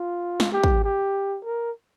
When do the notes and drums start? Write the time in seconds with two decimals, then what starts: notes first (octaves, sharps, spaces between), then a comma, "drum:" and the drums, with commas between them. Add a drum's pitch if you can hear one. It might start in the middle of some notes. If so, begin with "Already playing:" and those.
Already playing: F4
0.40 drum: snare
0.52 G4
0.64 drum: kick
0.84 G4
1.44 A#4